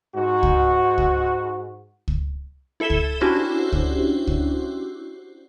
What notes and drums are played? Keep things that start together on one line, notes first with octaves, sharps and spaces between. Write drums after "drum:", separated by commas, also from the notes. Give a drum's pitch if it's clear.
G#2 F#4
drum: kick C#2
drum: kick C#2
drum: kick C#2
E4 A4 E5 E7 G7
drum: kick C#2
C#4 D4 E4 F#4 G4 C5
drum: kick C#2
drum: kick C#2